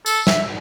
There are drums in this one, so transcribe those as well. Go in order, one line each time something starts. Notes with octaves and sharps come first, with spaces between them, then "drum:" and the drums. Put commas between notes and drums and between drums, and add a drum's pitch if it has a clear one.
A4, drum: tambourine
E5, drum: snare